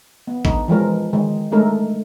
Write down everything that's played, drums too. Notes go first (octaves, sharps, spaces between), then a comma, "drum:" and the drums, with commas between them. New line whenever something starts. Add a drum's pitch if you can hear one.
B3
D4 D#4, drum: kick A1
E3 F3 G#3 A#4
D#3 G#3
G#3 A3 D4 D#4 A#4